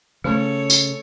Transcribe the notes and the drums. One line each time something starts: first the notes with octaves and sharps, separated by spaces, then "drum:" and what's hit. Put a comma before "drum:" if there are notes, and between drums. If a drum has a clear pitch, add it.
C#3 A3 A4 C#5
drum: tambourine